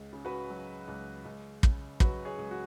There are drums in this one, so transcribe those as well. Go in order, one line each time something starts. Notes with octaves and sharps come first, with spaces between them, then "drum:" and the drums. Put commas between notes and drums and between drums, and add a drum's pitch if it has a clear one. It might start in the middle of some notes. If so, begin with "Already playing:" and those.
Already playing: C#2
C#3
F#4 B4
F#3
C#2
C#2
C#3, drum: kick
F#3 F#4 B4, drum: kick
G#4 C#5
C#2
F#4